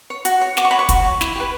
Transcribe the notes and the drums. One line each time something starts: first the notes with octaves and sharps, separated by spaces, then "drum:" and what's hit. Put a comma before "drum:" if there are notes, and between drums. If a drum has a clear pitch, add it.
C#5
F#4, drum: hi-hat
C#5
F#4 D6, drum: snare
C#6
C#5 B5
C#6
F#4, drum: kick, hi-hat
C#5
E4, drum: snare
G4 B4